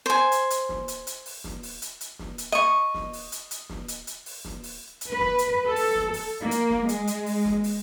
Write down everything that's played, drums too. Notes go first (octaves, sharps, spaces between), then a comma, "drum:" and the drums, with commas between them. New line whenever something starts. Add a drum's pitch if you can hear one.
C5 G#5
drum: hi-hat
drum: hi-hat
drum: snare
drum: hi-hat
drum: hi-hat
drum: open hi-hat
drum: snare
drum: open hi-hat
drum: hi-hat
drum: hi-hat
drum: snare
drum: hi-hat
D#5 C#6
drum: snare
drum: open hi-hat
drum: hi-hat
drum: hi-hat
drum: snare
drum: hi-hat
drum: hi-hat
drum: open hi-hat
drum: snare
drum: open hi-hat
drum: hi-hat
B4
drum: snare
drum: hi-hat
A4
drum: open hi-hat
drum: snare
drum: open hi-hat
A#3
drum: hi-hat
drum: snare
G#3, drum: hi-hat
drum: hi-hat
drum: open hi-hat
drum: snare
drum: open hi-hat